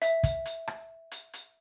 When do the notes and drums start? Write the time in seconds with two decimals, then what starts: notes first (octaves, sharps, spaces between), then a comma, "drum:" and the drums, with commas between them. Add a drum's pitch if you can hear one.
0.02 E5, drum: hi-hat
0.23 drum: kick, hi-hat
0.45 drum: hi-hat
0.67 drum: rim click
1.11 drum: hi-hat
1.33 drum: hi-hat